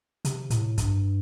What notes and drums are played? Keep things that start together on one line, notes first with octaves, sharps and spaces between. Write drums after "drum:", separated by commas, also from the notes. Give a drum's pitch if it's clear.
C3, drum: hi-hat
A2, drum: hi-hat
G2, drum: kick, hi-hat